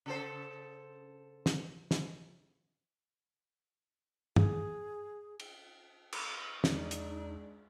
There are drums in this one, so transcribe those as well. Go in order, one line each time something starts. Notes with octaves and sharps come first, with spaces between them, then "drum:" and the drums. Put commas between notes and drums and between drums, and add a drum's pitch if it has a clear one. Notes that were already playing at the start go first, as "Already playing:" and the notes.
C#3 A4 C5
drum: snare
drum: snare
G#4, drum: tom
drum: cymbal
drum: cymbal
E2 G#3 D4 D#4, drum: snare
drum: hi-hat